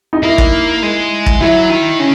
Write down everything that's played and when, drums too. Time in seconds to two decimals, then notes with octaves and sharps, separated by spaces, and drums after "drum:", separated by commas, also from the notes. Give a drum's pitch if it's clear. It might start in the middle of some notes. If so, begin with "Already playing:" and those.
0.13 D#4
0.23 A#3 E4
0.38 drum: kick
0.83 G#3
1.26 drum: kick
1.41 F#3 E4
1.70 D#3
2.00 C#3